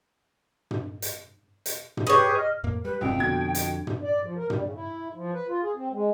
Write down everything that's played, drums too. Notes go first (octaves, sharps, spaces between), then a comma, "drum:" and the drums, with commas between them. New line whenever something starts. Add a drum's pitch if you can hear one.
drum: tom
drum: hi-hat
drum: hi-hat
drum: tom
G4 G#4 B4 C#5 C#6
D#5 F6
F2 A2 A#3
G3 B4
F1 C#2 G2 C3 G3 G5
F2 B2 D3 G#6
G5, drum: hi-hat
drum: tom
D5
F3
A#4
G3, drum: tom
C#3
E4
F3
B4
F4
G#4
C4
G#3